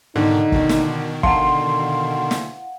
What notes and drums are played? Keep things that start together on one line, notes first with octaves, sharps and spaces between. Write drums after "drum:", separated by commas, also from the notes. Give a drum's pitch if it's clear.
G#2 B2 D3 D#3 D#4
B2 D#3, drum: kick
drum: snare
D3 F5 F#5 C6, drum: kick
drum: snare